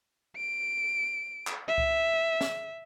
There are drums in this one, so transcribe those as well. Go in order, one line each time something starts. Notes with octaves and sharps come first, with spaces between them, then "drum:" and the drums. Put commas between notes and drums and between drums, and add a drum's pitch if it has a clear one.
D7
drum: clap
E5
drum: kick C2
drum: snare